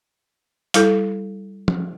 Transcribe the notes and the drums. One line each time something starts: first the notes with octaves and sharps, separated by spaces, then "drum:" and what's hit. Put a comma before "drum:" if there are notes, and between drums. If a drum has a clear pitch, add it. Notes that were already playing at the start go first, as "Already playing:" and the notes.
G3 E4 A4, drum: hi-hat
drum: tom F3